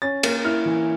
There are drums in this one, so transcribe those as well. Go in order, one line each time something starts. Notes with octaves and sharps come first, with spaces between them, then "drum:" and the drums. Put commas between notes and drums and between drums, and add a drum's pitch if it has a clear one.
C#4 A6
A#3, drum: cymbal
E4 F6
E3